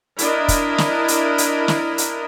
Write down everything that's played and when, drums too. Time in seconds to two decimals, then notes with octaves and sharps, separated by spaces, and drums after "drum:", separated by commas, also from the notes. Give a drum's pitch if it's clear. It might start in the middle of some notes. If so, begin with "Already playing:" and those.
0.19 D4 E4 A#4 D#5, drum: hi-hat
0.48 drum: kick, hi-hat
0.78 drum: snare
1.08 drum: hi-hat
1.38 drum: hi-hat
1.68 drum: snare
1.98 drum: hi-hat